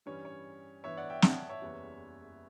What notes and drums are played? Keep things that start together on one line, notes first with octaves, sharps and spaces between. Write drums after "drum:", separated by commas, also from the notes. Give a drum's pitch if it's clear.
G2 E3 G3 C#4 C#5
C#5
G2 E3 B3 C#5 E5
D5 F#5
E5 G5
F#5 A5, drum: snare
C#5 E5
F#1 E2 C#3 G3 B3